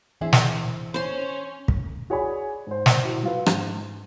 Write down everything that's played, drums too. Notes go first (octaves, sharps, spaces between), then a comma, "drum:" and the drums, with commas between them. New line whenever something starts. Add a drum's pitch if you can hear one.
D1 E3 C4 D4 E4 G#4
drum: snare
C#4 C5 C6
drum: kick
F#4 G#4 C#5 D5 G#5 B5
G#2 C5
drum: snare
E4 F#4
F#3 F4 B4
G#2, drum: rim click